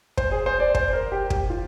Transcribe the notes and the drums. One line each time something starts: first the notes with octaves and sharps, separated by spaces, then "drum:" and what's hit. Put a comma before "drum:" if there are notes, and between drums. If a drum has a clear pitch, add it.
C5, drum: kick
G#4
C5
D5
C5, drum: kick
A#4
G4
G4, drum: kick
F4